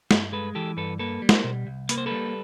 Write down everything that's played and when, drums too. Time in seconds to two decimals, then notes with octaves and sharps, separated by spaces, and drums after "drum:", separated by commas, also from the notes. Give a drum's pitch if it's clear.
0.11 G2, drum: snare
0.32 G#3 A4 B4
0.55 E3 G4 A4
0.77 G2 A4 B4
0.99 A#3 A4 B4
1.22 G3
1.29 A#4 C5, drum: snare
1.44 B2
1.67 C2
1.89 A#3 B4, drum: hi-hat
1.98 C5
2.06 G3 A4 B4